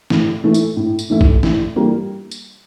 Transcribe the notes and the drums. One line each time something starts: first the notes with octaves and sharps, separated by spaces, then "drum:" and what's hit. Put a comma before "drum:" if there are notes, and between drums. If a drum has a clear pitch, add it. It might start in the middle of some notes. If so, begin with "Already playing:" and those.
A2, drum: snare E3
E3 A3 E4
drum: tambourine
A2
drum: tambourine
E3 A3 E4
drum: kick A1
A2, drum: snare E3
E3 G3 A#3 F4
drum: tambourine